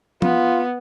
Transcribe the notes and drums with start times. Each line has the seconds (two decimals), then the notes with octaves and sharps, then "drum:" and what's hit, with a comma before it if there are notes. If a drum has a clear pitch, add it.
0.22 B3 F4, drum: tom F3